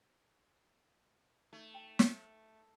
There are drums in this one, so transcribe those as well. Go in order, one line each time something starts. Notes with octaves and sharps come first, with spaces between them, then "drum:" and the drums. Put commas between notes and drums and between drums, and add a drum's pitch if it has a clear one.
A3 D#4
G5
drum: snare